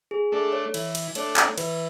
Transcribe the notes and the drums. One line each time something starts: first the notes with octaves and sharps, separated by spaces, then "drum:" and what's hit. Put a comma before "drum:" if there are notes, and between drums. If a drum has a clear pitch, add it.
G#4
A3 D4 A4
C#5
E3, drum: cymbal
drum: cymbal
A3 D4 C#5, drum: cymbal
drum: clap
E3 B4, drum: cymbal